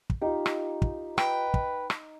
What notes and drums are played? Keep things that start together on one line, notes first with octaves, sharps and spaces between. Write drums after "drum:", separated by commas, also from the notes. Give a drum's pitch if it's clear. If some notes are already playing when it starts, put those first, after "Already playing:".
drum: kick
D#4 F4 G4
drum: rim click
drum: kick
B4 G5, drum: rim click
drum: kick
drum: rim click